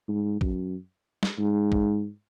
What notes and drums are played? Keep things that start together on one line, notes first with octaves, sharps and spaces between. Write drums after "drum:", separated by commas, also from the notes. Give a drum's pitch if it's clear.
G#2
F#2, drum: kick
drum: snare
G#2
drum: kick